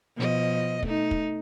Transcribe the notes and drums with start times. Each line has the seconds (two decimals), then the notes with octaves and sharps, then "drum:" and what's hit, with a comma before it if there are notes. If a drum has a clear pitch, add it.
0.17 B2 F3 D#5
0.83 A3 D#4, drum: kick
1.11 drum: kick